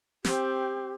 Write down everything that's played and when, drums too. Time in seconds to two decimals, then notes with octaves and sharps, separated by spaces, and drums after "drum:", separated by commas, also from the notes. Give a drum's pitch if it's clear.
0.25 C4 G4, drum: snare